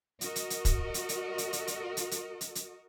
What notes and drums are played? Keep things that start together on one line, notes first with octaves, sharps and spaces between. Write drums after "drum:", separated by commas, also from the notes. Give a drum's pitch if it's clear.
F#4 A#4 D#5, drum: hi-hat
drum: hi-hat
drum: hi-hat
drum: kick, hi-hat
drum: hi-hat
drum: hi-hat
drum: hi-hat
drum: hi-hat
drum: hi-hat
drum: hi-hat
drum: hi-hat
drum: hi-hat
drum: hi-hat